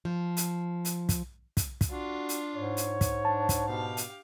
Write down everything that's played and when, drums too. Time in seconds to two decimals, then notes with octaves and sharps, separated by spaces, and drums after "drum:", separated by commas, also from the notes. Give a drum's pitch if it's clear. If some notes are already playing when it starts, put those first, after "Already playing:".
0.05 F3
0.37 drum: hi-hat
0.85 drum: hi-hat
1.09 drum: kick, hi-hat
1.57 drum: kick, hi-hat
1.81 drum: kick, hi-hat
1.90 D4 F4 F#4
2.29 drum: hi-hat
2.55 G#2 C#5
2.77 drum: hi-hat
3.01 drum: kick, hi-hat
3.25 D4 A5
3.49 drum: kick, hi-hat
3.68 B2 G4 F5
3.97 drum: hi-hat